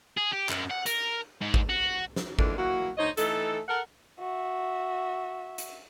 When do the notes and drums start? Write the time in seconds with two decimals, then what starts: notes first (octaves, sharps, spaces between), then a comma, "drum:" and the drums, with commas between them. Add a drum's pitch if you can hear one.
0.17 G#4
0.32 G4
0.49 F#2, drum: clap
0.70 F#5
0.86 A#4, drum: hi-hat
1.41 G#2
1.54 drum: kick G#1
1.69 F#4
2.16 drum: snare
2.39 F2 D3 E3 G#3 A#3 D4, drum: kick G#1
2.57 F#3 A#3 E4 F#4
2.98 D2 D#4 C5 C#5 D#5
3.17 E3 A3 D#4 A4, drum: hi-hat
3.69 A4 A#4 F#5
4.19 F#4 E5
5.58 drum: hi-hat